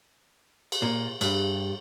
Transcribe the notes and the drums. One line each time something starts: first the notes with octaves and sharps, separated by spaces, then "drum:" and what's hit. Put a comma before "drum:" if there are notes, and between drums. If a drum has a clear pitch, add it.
drum: cymbal
A#2
G2, drum: cymbal